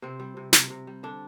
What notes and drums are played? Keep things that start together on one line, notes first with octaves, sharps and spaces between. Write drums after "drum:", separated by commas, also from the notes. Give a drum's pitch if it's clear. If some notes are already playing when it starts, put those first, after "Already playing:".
C3 C4
G3
C3
C3, drum: snare
C3
G3
D3 D4